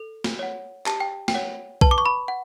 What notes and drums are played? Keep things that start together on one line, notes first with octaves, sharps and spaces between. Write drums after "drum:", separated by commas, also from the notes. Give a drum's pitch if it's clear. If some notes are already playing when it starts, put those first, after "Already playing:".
Already playing: A4
drum: snare
C#5 F#5
G4 A5, drum: clap
G5
G5, drum: snare
C#5 F#5
B4 A5, drum: kick B1
D6
C#6
B5
F#5